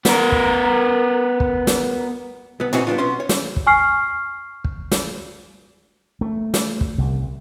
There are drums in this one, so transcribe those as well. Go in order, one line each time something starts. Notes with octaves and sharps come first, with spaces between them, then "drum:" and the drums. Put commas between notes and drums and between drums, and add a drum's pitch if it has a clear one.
B3 A#4, drum: snare
drum: kick
drum: kick
drum: snare
C2 B3
E3 C4 C#4 D#4 F#4, drum: tom A2
G3 B3 D4 F4
B1 B3 C#4 C6
C#5
drum: snare
drum: kick
G#5 C#6 F6 C7
drum: kick
drum: snare
A3
drum: snare
drum: kick
C2